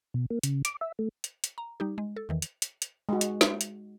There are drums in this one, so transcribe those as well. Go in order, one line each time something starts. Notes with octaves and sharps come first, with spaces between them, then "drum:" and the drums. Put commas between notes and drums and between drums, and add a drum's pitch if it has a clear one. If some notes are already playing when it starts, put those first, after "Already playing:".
B2
A#3
C#3, drum: hi-hat
D6, drum: hi-hat
E5
A3
drum: hi-hat
drum: hi-hat
A#5
G3 D#4 G4
G#3
A4
E2 D#3 E3
drum: hi-hat
drum: hi-hat
drum: hi-hat
G#3 F#4
drum: hi-hat
drum: snare
drum: hi-hat